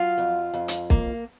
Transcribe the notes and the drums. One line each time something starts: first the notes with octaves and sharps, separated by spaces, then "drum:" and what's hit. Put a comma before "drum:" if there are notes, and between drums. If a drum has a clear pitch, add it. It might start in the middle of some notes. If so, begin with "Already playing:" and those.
Already playing: F#3 F4 F5
F2
F2
drum: hi-hat
A#3, drum: kick